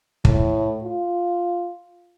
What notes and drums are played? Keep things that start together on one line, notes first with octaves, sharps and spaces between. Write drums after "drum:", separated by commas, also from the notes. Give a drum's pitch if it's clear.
A2, drum: kick
F4